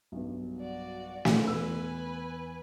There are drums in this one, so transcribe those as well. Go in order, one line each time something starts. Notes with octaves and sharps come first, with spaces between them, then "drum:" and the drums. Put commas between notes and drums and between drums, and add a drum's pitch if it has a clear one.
B1 G2
F#4 D5
drum: snare
E2 B4 G#5 E6